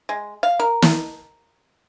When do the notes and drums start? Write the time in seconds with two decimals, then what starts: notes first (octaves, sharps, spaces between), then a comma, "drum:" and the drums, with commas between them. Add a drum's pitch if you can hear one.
0.09 G#3
0.43 F5
0.60 A#4
0.82 drum: snare